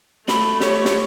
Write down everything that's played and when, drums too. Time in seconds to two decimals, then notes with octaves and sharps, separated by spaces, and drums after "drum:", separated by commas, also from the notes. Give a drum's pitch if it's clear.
0.28 A3 B5, drum: snare
0.60 G4 C#5, drum: snare
0.85 drum: snare